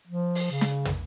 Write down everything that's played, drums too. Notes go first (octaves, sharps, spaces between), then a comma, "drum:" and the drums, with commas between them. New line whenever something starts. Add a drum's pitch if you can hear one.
F3
drum: open hi-hat
C#3
drum: snare
drum: tom